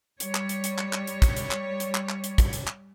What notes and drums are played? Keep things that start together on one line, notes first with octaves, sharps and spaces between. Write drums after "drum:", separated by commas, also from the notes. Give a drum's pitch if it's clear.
G3 C#5, drum: hi-hat
drum: clap
drum: hi-hat
drum: hi-hat
drum: clap
drum: clap
drum: hi-hat
drum: kick, hi-hat
drum: hi-hat
drum: clap
drum: hi-hat
drum: clap
drum: clap
drum: hi-hat
drum: kick, hi-hat
drum: hi-hat
drum: clap